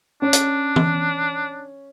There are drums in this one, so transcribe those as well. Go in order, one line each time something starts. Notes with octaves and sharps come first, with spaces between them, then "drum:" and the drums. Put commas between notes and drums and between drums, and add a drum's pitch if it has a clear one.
C#4 D4
drum: hi-hat
drum: tom E3